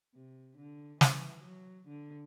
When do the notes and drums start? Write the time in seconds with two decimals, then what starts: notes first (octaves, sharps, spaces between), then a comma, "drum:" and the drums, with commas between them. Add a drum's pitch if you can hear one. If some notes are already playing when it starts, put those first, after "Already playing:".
0.14 C3
0.57 D3
1.01 E3, drum: snare
1.43 F#3
1.87 D3